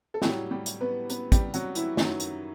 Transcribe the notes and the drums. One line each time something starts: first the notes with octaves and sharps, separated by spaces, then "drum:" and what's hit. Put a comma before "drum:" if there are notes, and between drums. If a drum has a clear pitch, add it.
A4
A2 F#3 G3 G4, drum: snare
G3 G4
drum: hi-hat
B3 B4
B3 B4, drum: hi-hat
G3 G4, drum: kick, hi-hat
F#3 F#4, drum: hi-hat
E3 E4, drum: hi-hat
F#2 D#3 F#3, drum: snare
drum: hi-hat